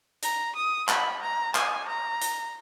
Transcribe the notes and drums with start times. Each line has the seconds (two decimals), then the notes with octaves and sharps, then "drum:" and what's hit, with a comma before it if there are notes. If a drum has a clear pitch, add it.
0.23 A#5, drum: hi-hat
0.55 D#6
0.89 B5, drum: clap
1.22 A#5
1.55 G#5, drum: clap
1.88 A#5
2.22 drum: hi-hat